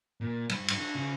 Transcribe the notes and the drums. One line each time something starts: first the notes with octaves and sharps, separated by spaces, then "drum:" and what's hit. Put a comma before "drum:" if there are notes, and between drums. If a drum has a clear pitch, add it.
A#2
G2 B5, drum: cymbal
drum: cymbal
D4
C#3